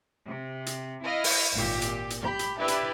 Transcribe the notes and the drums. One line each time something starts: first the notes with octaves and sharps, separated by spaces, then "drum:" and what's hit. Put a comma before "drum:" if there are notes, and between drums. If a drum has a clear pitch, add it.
C3
drum: hi-hat
E4 D#5 F5
drum: open hi-hat
G#1 A#2 G4
drum: hi-hat
drum: hi-hat
G4 B5 G6
drum: hi-hat
D4 E4 G4 B4 D5 E5
drum: hi-hat